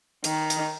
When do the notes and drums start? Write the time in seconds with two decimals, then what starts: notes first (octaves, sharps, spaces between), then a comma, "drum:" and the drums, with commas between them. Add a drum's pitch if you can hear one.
0.24 D#3, drum: hi-hat
0.50 drum: hi-hat